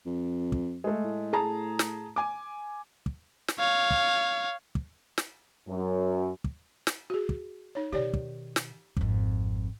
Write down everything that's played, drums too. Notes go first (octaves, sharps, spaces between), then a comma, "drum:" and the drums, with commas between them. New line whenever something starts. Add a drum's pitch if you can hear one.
F2
drum: kick
G#3 A3
A2
G#4 A5 A#5
drum: snare
G#5 D6
drum: kick
drum: snare
C#5 F5
drum: kick
drum: kick
drum: snare
F#2
drum: kick
drum: snare
F#4 G#4
drum: kick
D#4 C#5
B2 D#3 G4 C#5 D5
drum: kick
drum: snare
G#1 F2, drum: kick